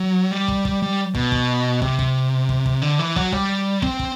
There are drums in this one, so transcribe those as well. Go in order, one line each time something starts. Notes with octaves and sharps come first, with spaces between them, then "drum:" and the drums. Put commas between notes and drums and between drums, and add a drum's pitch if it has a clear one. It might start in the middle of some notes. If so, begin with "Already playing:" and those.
Already playing: F#3
G3
drum: kick
drum: kick
G3
B2, drum: kick
drum: kick
C3, drum: kick
drum: kick
drum: kick
drum: kick
D3
E3
F#3, drum: kick
G3, drum: kick
C4, drum: kick
drum: kick